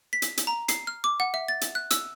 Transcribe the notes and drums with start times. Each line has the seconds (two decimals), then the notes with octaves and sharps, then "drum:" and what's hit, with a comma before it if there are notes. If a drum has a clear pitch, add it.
0.13 B6
0.22 drum: hi-hat
0.37 drum: hi-hat
0.47 A#5
0.68 C7, drum: hi-hat
0.87 F6
1.04 D6
1.20 F#5
1.34 E5
1.48 A6
1.61 drum: hi-hat
1.75 F#6
1.91 E6, drum: hi-hat